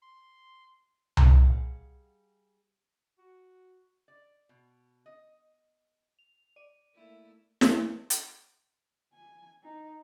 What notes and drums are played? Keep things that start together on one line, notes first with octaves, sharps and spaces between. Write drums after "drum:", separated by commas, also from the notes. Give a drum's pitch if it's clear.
C6
drum: tom C2
G3 G#4 C5 D#5 F5 F#5
F#4
D5
B2
D#5
F7
D5 D#7
A3 A#3 E4
drum: snare
drum: hi-hat
G#5
D#4